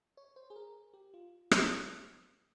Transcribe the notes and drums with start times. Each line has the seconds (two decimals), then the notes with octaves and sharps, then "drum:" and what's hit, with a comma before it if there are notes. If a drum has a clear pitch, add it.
0.17 C#5
0.36 C5
0.50 G#4
0.56 A#4
0.94 G4
1.14 F4
1.51 drum: rim click